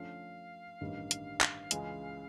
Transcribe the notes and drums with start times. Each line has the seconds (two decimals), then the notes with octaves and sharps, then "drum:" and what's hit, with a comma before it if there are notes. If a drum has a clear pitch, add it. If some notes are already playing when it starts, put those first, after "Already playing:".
Already playing: D3 F3 A3 C#4 F5
0.81 A1 G2 D#3 G3
1.11 drum: hi-hat
1.41 drum: clap
1.71 C#2 C#3 E3 G#3, drum: hi-hat